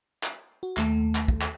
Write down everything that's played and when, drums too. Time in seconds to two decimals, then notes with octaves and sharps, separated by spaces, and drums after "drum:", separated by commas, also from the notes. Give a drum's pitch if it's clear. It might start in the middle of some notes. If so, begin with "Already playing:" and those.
0.23 drum: clap
0.63 F#4
0.77 D#2 A3 A4, drum: clap
1.15 drum: clap
1.28 drum: kick
1.41 drum: clap